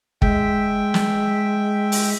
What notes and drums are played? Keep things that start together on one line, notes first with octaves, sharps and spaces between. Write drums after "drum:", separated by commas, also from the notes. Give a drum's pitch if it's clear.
G#3 E5 G5, drum: kick
drum: snare
drum: open hi-hat